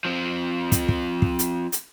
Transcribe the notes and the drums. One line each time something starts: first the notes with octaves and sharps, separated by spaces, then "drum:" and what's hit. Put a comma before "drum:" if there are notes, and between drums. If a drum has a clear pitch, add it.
F3 C4
drum: kick, hi-hat
drum: kick
drum: kick
drum: hi-hat
drum: hi-hat